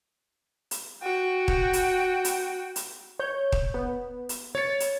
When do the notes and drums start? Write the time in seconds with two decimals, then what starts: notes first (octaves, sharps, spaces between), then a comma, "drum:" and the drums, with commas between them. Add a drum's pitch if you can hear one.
0.71 drum: hi-hat
1.02 F#4 G5
1.48 drum: kick D#1
1.73 drum: hi-hat
2.25 drum: hi-hat
2.76 drum: hi-hat
3.19 C#5 G6
3.52 drum: kick D#1
3.74 B3
4.29 drum: hi-hat
4.55 C#5 A6 C#7
4.80 drum: hi-hat